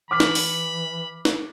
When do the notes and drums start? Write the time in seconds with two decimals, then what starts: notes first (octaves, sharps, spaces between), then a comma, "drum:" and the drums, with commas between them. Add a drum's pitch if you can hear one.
0.11 E3 B5 D6 F6 B6
0.20 drum: snare
0.35 drum: open hi-hat
1.25 drum: snare